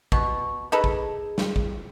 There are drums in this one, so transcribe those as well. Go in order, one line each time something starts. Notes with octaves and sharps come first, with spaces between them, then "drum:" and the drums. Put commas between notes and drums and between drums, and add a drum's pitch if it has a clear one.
B2 C#6, drum: kick
D#4 G#4 A4 B4
drum: kick
drum: snare
drum: kick